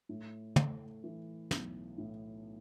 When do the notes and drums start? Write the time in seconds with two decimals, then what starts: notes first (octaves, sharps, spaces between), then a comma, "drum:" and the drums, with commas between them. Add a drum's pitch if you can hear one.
0.09 A2
0.56 A3, drum: tom
1.04 E3
1.51 B1, drum: snare
1.98 A2